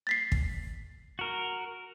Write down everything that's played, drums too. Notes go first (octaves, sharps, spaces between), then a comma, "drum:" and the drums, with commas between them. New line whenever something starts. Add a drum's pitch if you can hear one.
A6 B6 C7
drum: kick
F#4 A#4